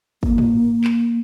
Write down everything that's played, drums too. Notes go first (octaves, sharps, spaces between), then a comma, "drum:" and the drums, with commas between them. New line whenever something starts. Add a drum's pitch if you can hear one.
A#3, drum: kick
drum: tom
drum: clap